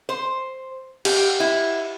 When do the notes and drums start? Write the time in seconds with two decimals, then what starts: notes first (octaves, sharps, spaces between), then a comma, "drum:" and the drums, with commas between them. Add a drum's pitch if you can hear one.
0.09 C5
1.05 G4, drum: cymbal
1.40 E4